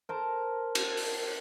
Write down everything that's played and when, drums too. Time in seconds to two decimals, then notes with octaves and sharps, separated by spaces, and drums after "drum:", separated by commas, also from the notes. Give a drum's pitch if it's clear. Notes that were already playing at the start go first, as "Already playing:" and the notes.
0.09 A#4 C5 A5 A#5
0.75 drum: cymbal
0.97 drum: open hi-hat